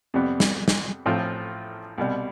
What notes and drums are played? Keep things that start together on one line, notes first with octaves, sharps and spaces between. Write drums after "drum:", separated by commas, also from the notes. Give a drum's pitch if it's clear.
F2 C3 G3 B3
drum: snare
drum: snare
A1 A2 F3 C4 F4
C2 B2 G3